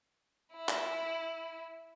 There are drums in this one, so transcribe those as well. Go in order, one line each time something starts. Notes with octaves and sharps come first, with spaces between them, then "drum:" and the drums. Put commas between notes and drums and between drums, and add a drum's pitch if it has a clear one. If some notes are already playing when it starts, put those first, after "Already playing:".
E4
drum: clap